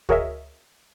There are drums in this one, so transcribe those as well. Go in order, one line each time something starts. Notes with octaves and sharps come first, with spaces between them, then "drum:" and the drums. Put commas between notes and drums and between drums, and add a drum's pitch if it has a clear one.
F#4 G#4 A#4 C#5 D#5 E5, drum: kick